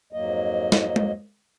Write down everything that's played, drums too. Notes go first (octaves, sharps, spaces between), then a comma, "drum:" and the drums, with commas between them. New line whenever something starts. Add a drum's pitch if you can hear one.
F2 G#2 F#3 A#3 D#5
drum: snare
drum: tom G#3